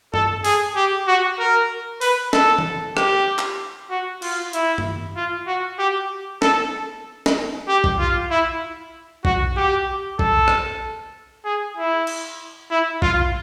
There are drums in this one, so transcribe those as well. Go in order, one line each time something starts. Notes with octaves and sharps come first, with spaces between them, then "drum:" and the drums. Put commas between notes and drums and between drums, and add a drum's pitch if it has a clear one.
A4, drum: tom G2
G#4, drum: open hi-hat
G4
F#4
A#4
B4, drum: open hi-hat
A4, drum: snare
drum: tom E3
G4, drum: rim click
drum: clap
F#4
F4, drum: cymbal
E4, drum: hi-hat
drum: tom G2
F4
F#4
G4
A4, drum: snare
drum: snare
G4
drum: kick
F4
E4
F#4, drum: kick
G4
A4, drum: kick
drum: rim click
G#4
E4
drum: cymbal
E4
F4, drum: kick